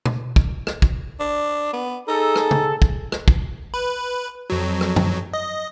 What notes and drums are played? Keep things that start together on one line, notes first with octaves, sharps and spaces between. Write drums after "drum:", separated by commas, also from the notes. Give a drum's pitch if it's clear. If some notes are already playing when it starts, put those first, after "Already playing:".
drum: tom B2
drum: kick
drum: rim click
drum: kick
D4
B3
D#4 G#4 A4
drum: rim click
drum: tom
drum: kick
drum: rim click
drum: kick
B4
F2 F#3
drum: rim click
drum: tom F#2
D#5